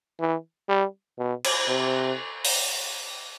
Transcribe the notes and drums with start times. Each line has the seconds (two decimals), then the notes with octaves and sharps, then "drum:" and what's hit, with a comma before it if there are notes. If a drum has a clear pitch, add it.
0.20 E3
0.69 G3
1.18 B2
1.44 drum: cymbal
1.68 C3
2.45 drum: open hi-hat